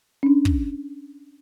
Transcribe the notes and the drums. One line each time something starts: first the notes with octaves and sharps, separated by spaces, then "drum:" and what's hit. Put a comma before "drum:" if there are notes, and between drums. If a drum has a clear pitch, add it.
C#4 D4
drum: kick